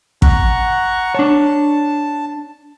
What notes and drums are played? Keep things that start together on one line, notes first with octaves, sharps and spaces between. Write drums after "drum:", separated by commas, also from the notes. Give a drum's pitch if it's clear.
F#5 A#5 C#6, drum: kick
D4 C#5 A5